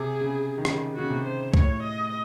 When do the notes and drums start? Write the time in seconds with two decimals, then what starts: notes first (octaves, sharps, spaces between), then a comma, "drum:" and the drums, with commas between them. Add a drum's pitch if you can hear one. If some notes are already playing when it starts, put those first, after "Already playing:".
Already playing: C3 G#4
0.21 C#3
0.58 D#3
0.65 C#3, drum: rim click
0.95 C#3 F#4
1.10 C3
1.25 C5
1.54 A2 C#5, drum: kick C2
1.83 D#5